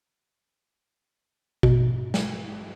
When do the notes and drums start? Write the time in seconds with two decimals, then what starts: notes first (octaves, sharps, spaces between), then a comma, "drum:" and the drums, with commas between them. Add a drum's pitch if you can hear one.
1.63 B2, drum: kick A1
2.14 drum: snare